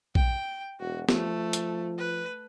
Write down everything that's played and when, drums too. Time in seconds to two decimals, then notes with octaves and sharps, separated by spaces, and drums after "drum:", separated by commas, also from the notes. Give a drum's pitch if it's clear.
0.15 G5, drum: kick A#1
0.80 E1 F#4
1.09 F3 A3, drum: snare
1.53 drum: hi-hat
1.98 B4